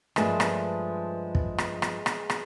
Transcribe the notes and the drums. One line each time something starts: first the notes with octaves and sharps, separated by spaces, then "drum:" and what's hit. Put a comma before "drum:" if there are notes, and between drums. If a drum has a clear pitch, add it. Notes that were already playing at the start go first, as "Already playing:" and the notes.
G2 F3 G#3 A3 B4 A5, drum: rim click
drum: rim click
drum: kick
drum: rim click
drum: rim click
drum: rim click
drum: rim click